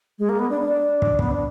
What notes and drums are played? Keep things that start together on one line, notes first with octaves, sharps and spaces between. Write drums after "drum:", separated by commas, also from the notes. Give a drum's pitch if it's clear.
G#3
A#3
B3
D4
D4
drum: kick
B3, drum: kick
D4